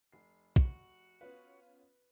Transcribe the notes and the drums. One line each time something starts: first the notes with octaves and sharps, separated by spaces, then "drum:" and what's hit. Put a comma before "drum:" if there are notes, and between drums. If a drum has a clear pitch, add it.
F1 C7
F#4, drum: kick
B3 C#4 F4 B4